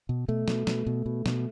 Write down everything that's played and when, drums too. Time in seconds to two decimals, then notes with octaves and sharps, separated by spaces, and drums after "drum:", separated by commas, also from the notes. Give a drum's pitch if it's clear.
0.09 B2
0.28 B2 A3
0.48 B2, drum: snare
0.67 B2, drum: snare
0.87 B2
1.06 B2
1.26 B2, drum: snare